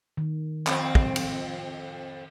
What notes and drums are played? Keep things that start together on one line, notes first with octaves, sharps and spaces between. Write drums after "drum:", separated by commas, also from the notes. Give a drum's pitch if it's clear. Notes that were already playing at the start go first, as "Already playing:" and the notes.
D#3
F2 C4, drum: clap
drum: kick
drum: cymbal